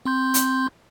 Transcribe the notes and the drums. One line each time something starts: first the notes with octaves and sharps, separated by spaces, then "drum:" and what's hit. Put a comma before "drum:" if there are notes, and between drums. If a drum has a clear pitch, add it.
C4 C6 G6
drum: hi-hat